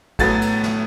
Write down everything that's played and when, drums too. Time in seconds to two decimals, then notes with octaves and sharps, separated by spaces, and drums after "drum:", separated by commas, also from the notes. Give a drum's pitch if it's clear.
0.19 A2 F#3 B3 A6, drum: kick, cymbal
0.42 drum: cymbal
0.64 drum: snare